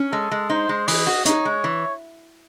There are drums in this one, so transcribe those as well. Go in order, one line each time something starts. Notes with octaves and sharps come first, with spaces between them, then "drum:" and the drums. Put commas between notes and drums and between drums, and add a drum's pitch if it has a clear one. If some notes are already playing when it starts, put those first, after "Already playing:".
Already playing: C#4
G#3 A4
G#3
D#4 C5
G#3
E3 D#5, drum: open hi-hat
F#4
D#4 C#5, drum: hi-hat
G#3
E3